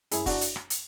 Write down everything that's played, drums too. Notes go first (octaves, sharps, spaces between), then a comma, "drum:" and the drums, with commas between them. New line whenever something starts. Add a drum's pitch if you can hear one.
F#2 E4 G#4, drum: hi-hat
D4 F#4, drum: kick, open hi-hat
drum: hi-hat
drum: rim click
drum: hi-hat